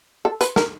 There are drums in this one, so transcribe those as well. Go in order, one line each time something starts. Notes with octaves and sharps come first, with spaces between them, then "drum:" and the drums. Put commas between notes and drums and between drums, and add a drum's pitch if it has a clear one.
A4
B4, drum: hi-hat
A#4, drum: snare